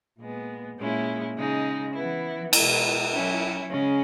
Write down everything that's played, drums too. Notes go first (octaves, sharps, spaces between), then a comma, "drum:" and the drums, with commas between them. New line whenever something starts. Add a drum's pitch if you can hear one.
A#2 G#3 B3
A#2 G#3 C#4 E4
C#3 G#3 D#4
E3 B3 E4
B2 G#3 B3 E4, drum: cymbal
F#3 C#4 E4
C#3 G#3 C#4